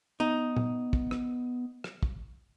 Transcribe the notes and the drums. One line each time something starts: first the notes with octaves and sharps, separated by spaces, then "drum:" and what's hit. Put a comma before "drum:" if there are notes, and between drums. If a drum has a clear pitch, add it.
B3 D#4
drum: tom A#2
drum: kick
drum: rim click
drum: rim click
drum: kick